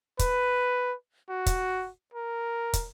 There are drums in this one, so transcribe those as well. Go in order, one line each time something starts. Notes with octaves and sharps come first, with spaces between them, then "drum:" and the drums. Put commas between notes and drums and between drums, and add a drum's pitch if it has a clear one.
B4, drum: kick, hi-hat
F#4
drum: kick, hi-hat
A#4
drum: kick, hi-hat